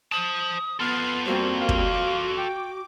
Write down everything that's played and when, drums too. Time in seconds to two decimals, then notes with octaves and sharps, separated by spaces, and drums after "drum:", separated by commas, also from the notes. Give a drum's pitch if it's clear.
0.12 C5 A5 D#6
0.80 B3 F4 A4 C6 F6 A6 C7
1.26 G3 A#3 C4 F#4 C5
1.59 F5
1.69 drum: kick
1.91 D6
2.38 G5